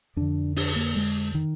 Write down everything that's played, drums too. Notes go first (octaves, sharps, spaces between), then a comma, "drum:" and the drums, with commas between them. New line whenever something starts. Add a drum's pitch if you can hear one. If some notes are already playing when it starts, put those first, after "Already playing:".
F2 D3 D4
D4, drum: open hi-hat
A#3
G#3
D#3